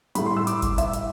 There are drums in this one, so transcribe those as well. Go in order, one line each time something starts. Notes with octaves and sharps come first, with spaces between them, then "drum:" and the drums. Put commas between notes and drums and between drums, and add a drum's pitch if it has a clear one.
A2 G3 B5, drum: hi-hat
C6
E6
D6, drum: hi-hat
drum: kick, hi-hat
E5, drum: hi-hat
drum: hi-hat